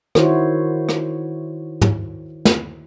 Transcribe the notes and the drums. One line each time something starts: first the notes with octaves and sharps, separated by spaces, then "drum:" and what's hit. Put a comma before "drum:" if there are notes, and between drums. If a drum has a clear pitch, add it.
D#3 E4 F#4 C5 C#5, drum: rim click
drum: rim click
drum: tom
drum: snare